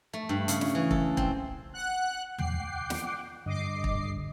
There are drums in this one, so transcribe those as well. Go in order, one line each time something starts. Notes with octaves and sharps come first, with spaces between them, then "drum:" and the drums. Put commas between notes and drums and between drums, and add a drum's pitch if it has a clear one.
A3
G2
C#3, drum: hi-hat
drum: snare
E3
A4, drum: kick
C4, drum: kick
F#5 F#6
F#5 G5 D6 C7, drum: tom
drum: snare
G2 D3 D#5 D6 C7
drum: kick